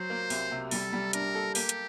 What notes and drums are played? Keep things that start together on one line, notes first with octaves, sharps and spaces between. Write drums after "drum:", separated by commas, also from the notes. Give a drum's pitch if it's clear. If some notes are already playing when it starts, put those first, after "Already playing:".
Already playing: F#3 C5
A#3
C2, drum: open hi-hat
C3
G3 A4, drum: open hi-hat
G3
D4 A#4, drum: hi-hat
A4
A#3 G4, drum: open hi-hat
drum: hi-hat